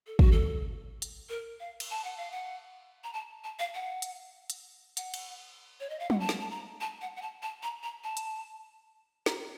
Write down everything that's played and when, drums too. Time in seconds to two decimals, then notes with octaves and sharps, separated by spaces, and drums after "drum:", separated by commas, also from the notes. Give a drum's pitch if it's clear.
0.07 A4
0.19 F#4, drum: kick
0.32 A4
1.02 drum: hi-hat
1.29 A#4
1.60 F5
1.80 drum: cymbal
1.91 A5
2.04 F#5
2.17 F5
2.31 F#5
3.04 A#5
3.13 A5
3.44 A5
3.59 F5
3.74 F#5
4.02 drum: hi-hat
4.50 drum: hi-hat
4.97 F#5, drum: hi-hat
5.14 drum: cymbal
5.80 C#5
5.90 D#5
5.99 F5
6.10 F#5, drum: tom
6.20 A5
6.29 drum: snare
6.41 A5
6.50 A#5
6.81 A5
7.01 F#5
7.17 F#5
7.22 A5
7.42 A5
7.63 A#5
7.83 A#5
8.04 A5
8.17 drum: hi-hat
9.26 A#5, drum: snare